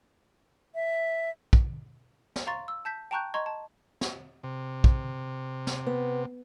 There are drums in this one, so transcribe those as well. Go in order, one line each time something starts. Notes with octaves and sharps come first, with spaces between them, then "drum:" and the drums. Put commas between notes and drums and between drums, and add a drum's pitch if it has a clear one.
E5
drum: kick
drum: snare
F5 A#5 C6 C#6 A6
E6
A5 G6 B6
G5 A5 A#5 C#6 F#6 G6
D#5 A#5 C6 C#6 G#6
A5
drum: snare
C3
drum: kick
drum: snare
B3